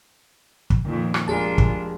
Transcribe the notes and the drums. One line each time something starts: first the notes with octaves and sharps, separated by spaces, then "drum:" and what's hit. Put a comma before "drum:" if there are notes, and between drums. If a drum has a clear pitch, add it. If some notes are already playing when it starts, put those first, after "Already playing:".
drum: kick
F2 A#2 D#3
drum: rim click
F1 G#3 D4 F4 G#4 A#4 A5
drum: kick